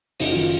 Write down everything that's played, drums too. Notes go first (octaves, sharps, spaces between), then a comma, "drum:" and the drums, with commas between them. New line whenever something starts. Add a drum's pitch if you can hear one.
F#1 D#4, drum: open hi-hat
F#4
F4
D#3
F4